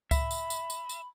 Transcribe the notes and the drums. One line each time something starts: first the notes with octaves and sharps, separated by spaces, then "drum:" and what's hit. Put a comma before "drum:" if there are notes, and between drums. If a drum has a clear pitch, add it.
E5 B5, drum: kick C#2, tambourine
drum: tambourine
drum: tambourine
drum: tambourine
drum: tambourine